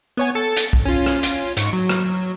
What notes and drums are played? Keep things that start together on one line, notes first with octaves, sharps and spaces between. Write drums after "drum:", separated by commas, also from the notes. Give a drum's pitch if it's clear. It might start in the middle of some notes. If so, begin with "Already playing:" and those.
B3 C#5 G#5
A4 A6 C#7
drum: hi-hat
drum: kick
C#4 F4
drum: rim click
drum: hi-hat
G#2 C#6, drum: hi-hat
F#3
drum: rim click